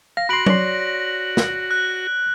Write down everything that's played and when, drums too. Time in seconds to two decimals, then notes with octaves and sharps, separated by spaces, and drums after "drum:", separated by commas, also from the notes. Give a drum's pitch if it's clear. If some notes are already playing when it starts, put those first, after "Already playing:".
0.17 F5 A#6
0.29 F#4 B5 C6 B6 D7 F#7
0.46 C#5 D5 C6, drum: tom
1.37 drum: snare
1.71 F#6